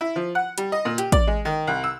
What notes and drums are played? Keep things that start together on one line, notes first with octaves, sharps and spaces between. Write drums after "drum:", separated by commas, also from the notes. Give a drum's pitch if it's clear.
E4
F3
F#5
G3, drum: hi-hat
D#5
A#2
G4, drum: hi-hat
D5, drum: kick, hi-hat
G#3
D#3
C2
E6